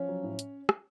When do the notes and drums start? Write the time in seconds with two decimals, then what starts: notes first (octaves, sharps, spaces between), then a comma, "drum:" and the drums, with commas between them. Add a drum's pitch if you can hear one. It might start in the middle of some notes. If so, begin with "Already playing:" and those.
Already playing: F3 C#4 C#5
0.09 F#3
0.23 A2
0.39 drum: hi-hat
0.69 drum: rim click